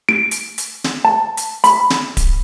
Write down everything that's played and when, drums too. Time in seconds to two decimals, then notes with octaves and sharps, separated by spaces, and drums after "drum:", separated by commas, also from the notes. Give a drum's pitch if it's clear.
0.09 D7
0.31 drum: hi-hat
0.58 drum: hi-hat
0.84 drum: snare
1.05 A5
1.37 drum: hi-hat
1.64 B5, drum: hi-hat
1.90 drum: snare
2.17 drum: kick D1, hi-hat